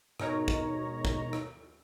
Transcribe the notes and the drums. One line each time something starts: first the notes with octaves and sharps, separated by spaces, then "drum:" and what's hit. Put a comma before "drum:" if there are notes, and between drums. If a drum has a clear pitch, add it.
G#2 B2 D#4 A#4 C#5 A#5, drum: rim click
drum: kick
drum: kick
drum: rim click